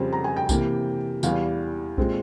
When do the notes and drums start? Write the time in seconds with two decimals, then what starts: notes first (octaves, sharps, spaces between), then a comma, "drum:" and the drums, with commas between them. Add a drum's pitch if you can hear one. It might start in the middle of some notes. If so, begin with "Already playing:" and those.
Already playing: F2 C#3 G3 C4
0.13 A#5
0.24 G#5
0.36 G5
0.49 C3 E3 A#3, drum: kick B1, tambourine
1.23 E2 E3 G3 F5, drum: tambourine
1.98 A#2 G#3 C4, drum: kick B1